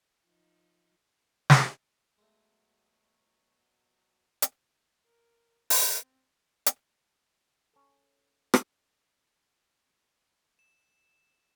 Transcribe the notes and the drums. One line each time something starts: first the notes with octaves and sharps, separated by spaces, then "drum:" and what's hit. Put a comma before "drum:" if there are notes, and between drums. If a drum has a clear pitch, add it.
F3 D#4
drum: snare
B2 F#3 G#3 A3
drum: hi-hat
A#4
C4, drum: open hi-hat
drum: hi-hat
C#4 A4
drum: rim click
E7